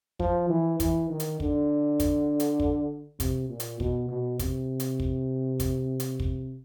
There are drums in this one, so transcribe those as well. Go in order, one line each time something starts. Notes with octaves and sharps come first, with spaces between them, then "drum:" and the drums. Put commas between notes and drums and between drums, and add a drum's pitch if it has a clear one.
F3, drum: kick
E3
E3, drum: kick, hi-hat
D#3
drum: hi-hat
D3, drum: kick
drum: kick, hi-hat
drum: hi-hat
drum: kick
C3, drum: kick, hi-hat
A#2
drum: hi-hat
B2, drum: kick
B2
C3, drum: kick, hi-hat
drum: hi-hat
drum: kick
drum: kick, hi-hat
drum: hi-hat
drum: kick